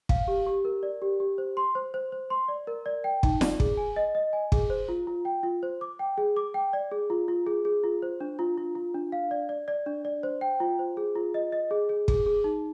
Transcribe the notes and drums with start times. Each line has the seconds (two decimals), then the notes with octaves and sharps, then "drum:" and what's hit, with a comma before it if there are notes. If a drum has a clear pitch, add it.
0.09 F5, drum: kick
0.28 G4
0.46 G4
0.65 A#4
0.83 D5
1.02 G4
1.20 G4
1.38 C5
1.57 C6
1.75 C5
1.94 C5
2.12 C5
2.30 C6
2.48 D5
2.67 A#4
2.86 D5
3.04 G5
3.23 D#4, drum: kick
3.41 D5, drum: snare
3.60 G#4, drum: kick
3.77 G#5
3.96 D#5
4.15 D#5
4.33 G#5
4.52 G#4, drum: kick
4.70 C5
4.89 F4
5.07 F4
5.25 G5
5.43 F4
5.63 C5
5.81 D6
5.99 G5
6.18 G#4
6.37 D6
6.54 G5
6.73 D5
6.91 G#4
7.10 F4
7.28 F4
7.47 G#4
7.65 G#4
7.83 F4
8.02 C5
8.21 D4
8.39 F4
8.58 F4
8.75 F4
8.94 D4
9.12 F5
9.31 D5
9.49 D5
9.68 D5
9.86 D4
10.05 D5
10.23 C5
10.41 G5
10.60 F4
10.79 C5
10.97 G#4
11.15 F4
11.34 D#5
11.52 D#5
11.71 G#4
11.89 G#4
12.08 G#4, drum: kick
12.26 G#4
12.44 D#4